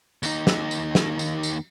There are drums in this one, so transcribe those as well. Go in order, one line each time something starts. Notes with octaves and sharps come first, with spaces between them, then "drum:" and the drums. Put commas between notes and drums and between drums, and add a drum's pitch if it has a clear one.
D#2 D#4, drum: tambourine
drum: snare
drum: tambourine
drum: snare
drum: tambourine
drum: tambourine